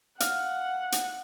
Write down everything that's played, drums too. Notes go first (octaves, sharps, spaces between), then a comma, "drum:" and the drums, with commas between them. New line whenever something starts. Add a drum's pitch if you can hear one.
F5 F#5, drum: hi-hat
drum: hi-hat